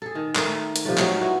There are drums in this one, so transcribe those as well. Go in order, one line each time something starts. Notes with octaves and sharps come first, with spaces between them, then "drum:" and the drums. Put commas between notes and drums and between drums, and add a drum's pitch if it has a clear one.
G#4 A4
D#3
D#3 A3 D#4, drum: clap
drum: hi-hat
C3 F3 G3 A3
F#3 G#3 D#4 C#5, drum: clap
B3 E4 F#4